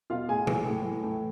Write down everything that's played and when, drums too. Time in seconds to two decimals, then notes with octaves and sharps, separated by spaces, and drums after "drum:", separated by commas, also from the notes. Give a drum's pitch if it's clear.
0.10 B2 F4 F5
0.29 A2 G#4 G#5
0.47 E3, drum: tom C3
0.66 A2
0.84 E3
1.04 A2